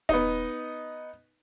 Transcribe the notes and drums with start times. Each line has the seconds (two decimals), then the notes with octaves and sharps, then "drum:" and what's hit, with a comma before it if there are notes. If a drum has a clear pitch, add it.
0.09 B3 D#4, drum: kick D#1